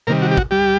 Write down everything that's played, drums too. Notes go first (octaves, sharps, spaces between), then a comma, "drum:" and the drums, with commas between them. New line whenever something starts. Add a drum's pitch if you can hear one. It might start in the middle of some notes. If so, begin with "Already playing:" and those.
C3 D#3 G3 A#3 A#4
F#4
G4
F#4, drum: kick
G3 G4